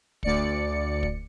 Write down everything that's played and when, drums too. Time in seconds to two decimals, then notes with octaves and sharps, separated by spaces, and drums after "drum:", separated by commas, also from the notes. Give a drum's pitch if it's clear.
0.23 D2 D5 C#7, drum: kick
1.03 drum: kick